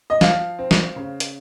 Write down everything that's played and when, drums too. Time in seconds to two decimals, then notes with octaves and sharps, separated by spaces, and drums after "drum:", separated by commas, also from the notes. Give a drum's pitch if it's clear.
0.10 D#5
0.21 F3 F5, drum: snare
0.59 C4
0.71 drum: snare
0.96 C#3
1.20 drum: hi-hat